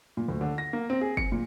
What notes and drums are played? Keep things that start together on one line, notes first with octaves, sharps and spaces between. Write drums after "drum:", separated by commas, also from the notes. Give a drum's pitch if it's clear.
A#2
D2
D3
A#6
A#3
C4
G#4
C#7, drum: kick F#1
A#2